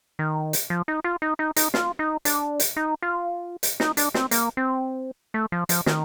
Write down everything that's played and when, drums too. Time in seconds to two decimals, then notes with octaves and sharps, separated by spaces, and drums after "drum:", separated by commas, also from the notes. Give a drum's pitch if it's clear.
0.19 D#3
0.53 drum: hi-hat
0.70 F3
0.88 D#4
1.04 F4
1.22 D#4
1.39 D#4
1.56 D#4, drum: hi-hat
1.74 F4, drum: snare
1.99 D#4
2.25 D4, drum: hi-hat
2.60 drum: hi-hat
2.77 D#4
3.02 F4
3.63 drum: hi-hat
3.80 D#4, drum: snare
3.97 D4, drum: hi-hat
4.14 C4, drum: snare
4.31 A#3, drum: hi-hat
4.57 C4
5.34 A3
5.52 F3
5.69 F3, drum: hi-hat
5.86 D#3, drum: snare